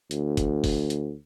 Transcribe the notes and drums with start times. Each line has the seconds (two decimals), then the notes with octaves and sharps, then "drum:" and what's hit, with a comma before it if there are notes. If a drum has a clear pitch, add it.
0.11 D2, drum: hi-hat
0.37 drum: kick, hi-hat
0.64 drum: kick, open hi-hat
0.90 drum: hi-hat